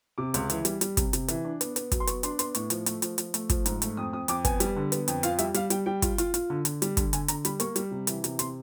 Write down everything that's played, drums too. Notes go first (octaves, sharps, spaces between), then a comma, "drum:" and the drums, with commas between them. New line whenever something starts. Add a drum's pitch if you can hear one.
C3 D6
C#2, drum: hi-hat
E3, drum: hi-hat
G3, drum: hi-hat
G3, drum: hi-hat
C3, drum: kick, hi-hat
C3, drum: hi-hat
E3, drum: hi-hat
D4
B3, drum: hi-hat
B3, drum: hi-hat
F#3, drum: kick, hi-hat
C6
B3 C#6, drum: hi-hat
D4 C6, drum: hi-hat
B3 C6, drum: hi-hat
A2 C#6, drum: hi-hat
F3, drum: hi-hat
A3, drum: hi-hat
F3, drum: hi-hat
F3, drum: hi-hat
A3, drum: hi-hat
F3, drum: kick, hi-hat
G#2, drum: hi-hat
A3, drum: hi-hat
F2 D#6
F2 D#6
F2 D6, drum: hi-hat
B3 G#5, drum: kick, hi-hat
G3, drum: hi-hat
D3
B3, drum: hi-hat
F2, drum: hi-hat
F4 F5, drum: hi-hat
G3 E5, drum: hi-hat
G3 F5, drum: hi-hat
G3 G5, drum: hi-hat
G3 G5
F4, drum: kick, hi-hat
F4, drum: hi-hat
F4, drum: hi-hat
D3
D3, drum: hi-hat
G3, drum: hi-hat
D3, drum: kick, hi-hat
D3 G#5, drum: hi-hat
D3 A#5, drum: hi-hat
G3 B5, drum: hi-hat
A#3 C#6, drum: hi-hat
G3, drum: hi-hat
C3
E3, drum: hi-hat
C3, drum: hi-hat
C3 C6, drum: hi-hat